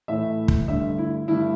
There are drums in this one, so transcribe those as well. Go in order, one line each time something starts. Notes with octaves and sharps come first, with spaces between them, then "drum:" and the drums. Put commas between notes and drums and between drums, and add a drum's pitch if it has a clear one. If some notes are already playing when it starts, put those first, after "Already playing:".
A2 E3 A3 E5
drum: kick
G2 D3 A3 E5
E4
G2 D3 A3 E4